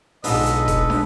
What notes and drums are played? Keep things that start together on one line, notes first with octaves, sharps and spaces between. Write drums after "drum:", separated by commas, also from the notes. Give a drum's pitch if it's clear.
B1 G#2 D3 G#3 F4 A4 B4 D#5, drum: open hi-hat
drum: hi-hat
drum: kick E1, hi-hat
drum: snare